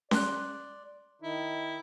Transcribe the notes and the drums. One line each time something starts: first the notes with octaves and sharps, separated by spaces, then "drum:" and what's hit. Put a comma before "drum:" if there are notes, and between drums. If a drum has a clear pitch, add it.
D5 C6 F#6, drum: snare C#4
D#3 D#4 E4